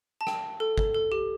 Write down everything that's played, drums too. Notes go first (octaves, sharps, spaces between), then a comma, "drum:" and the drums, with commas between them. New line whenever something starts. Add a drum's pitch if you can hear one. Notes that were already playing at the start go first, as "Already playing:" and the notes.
A5
G5, drum: rim click
A4
A4, drum: kick G1
A4
G4